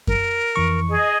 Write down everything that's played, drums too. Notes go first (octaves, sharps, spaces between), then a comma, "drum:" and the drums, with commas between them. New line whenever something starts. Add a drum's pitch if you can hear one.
A#4, drum: kick F#2
F2 E3 C#6
G#4 D#5